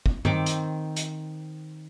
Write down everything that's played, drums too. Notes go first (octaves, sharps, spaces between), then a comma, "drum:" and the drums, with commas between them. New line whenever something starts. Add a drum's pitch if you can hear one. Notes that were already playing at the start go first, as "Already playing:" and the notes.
drum: kick
D#3 C4 D6, drum: tom G2
drum: hi-hat
drum: hi-hat